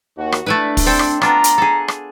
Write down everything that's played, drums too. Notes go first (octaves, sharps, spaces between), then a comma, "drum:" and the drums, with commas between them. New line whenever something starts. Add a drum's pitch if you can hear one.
D#2 F#4
drum: rim click
A3 D4 E4 B4
drum: kick, open hi-hat
C4 A4 G5
drum: rim click
B3 D4 F4 A#5, drum: rim click
drum: hi-hat
G#4 A4
drum: rim click